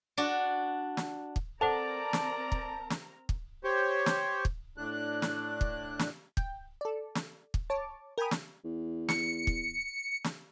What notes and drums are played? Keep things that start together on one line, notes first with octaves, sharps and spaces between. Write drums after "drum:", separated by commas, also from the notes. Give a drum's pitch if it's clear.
D4 F#4
drum: snare
drum: kick
C4 A4 A#4 C5 D5 F#5 A5 A#5
drum: snare
drum: kick
drum: snare
drum: kick
G4 C5 C#5
drum: snare
drum: kick
A2 D4 F#6
drum: snare
drum: kick
drum: snare
G5, drum: kick
A4 D5
drum: snare
drum: kick
C#5 A5 D6
A#4 G5 G#5 B5 D#6
drum: snare
E2
C#7, drum: snare
drum: kick
drum: snare